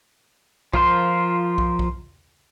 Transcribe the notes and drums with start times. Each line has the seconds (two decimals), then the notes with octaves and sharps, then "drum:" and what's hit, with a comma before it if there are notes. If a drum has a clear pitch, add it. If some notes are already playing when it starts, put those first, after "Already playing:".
0.73 F3 F4 A#4 C5 C6, drum: kick
1.58 drum: kick
1.79 drum: kick